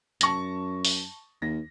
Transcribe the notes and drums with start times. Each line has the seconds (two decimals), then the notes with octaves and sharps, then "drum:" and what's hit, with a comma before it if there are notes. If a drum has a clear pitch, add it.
0.21 F#2 A5 C#6 A#6, drum: hi-hat
0.85 drum: open hi-hat
1.42 D#2 A#6